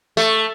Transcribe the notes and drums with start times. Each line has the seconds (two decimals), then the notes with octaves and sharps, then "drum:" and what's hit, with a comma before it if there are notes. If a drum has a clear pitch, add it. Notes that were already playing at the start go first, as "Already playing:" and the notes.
0.17 A3, drum: tambourine